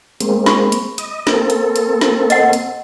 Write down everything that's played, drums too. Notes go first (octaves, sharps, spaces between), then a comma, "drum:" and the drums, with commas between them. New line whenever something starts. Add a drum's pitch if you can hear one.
G#3 A#3 C4, drum: hi-hat
B5 C#6, drum: snare
drum: hi-hat
D#5, drum: hi-hat
A#3 C4 A4, drum: snare
drum: hi-hat
drum: hi-hat
drum: snare
D#5 F#5, drum: hi-hat
drum: hi-hat